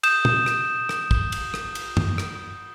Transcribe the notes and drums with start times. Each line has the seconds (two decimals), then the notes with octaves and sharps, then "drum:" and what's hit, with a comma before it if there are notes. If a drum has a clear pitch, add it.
0.03 D#6 G6 E7, drum: cymbal
0.25 drum: tom
0.46 drum: rim click
0.89 drum: rim click
1.11 drum: kick
1.32 drum: cymbal
1.54 drum: rim click
1.75 drum: cymbal
1.97 drum: tom F#2
2.18 drum: rim click